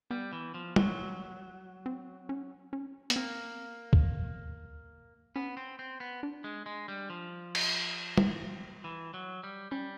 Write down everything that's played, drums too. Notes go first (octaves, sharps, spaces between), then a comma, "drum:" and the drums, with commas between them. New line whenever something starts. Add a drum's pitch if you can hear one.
G3 B3
E3
F3
F#3, drum: tom
C4
C#4
C#4
B3, drum: hi-hat
A#3 C4
drum: kick C#2
B3 C#4
C4
C4
B3
D4
G#3
G#3
G3
F3
drum: cymbal
drum: tom
E3
F#3
G3
G3 C#4